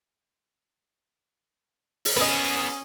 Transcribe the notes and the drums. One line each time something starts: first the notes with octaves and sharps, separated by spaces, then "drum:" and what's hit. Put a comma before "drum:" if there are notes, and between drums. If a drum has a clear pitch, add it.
drum: open hi-hat
B3 C#4 G#4 B4 D#5 D#6